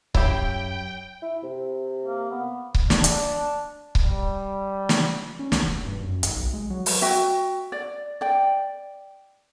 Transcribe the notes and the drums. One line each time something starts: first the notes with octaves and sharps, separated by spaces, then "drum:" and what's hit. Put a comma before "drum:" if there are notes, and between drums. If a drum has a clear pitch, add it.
F#2 E4 G4 C#5 F5 G5 B5, drum: kick C#1
E4
C3
A#3
B3
drum: kick C#1
D4, drum: snare
drum: hi-hat
drum: kick C#1
G3
drum: snare
C#4
C#2, drum: snare
E1
G2
F#2
G#1, drum: hi-hat
B1
G#3
F#3
drum: open hi-hat
F#4 E5 G5
D5
D5 G5